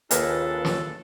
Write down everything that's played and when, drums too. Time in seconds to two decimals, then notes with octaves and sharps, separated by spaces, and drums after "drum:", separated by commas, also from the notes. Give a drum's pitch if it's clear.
0.11 D#2 C#3 A#3 D4 F4 G#4 A4 B4, drum: hi-hat
0.65 drum: snare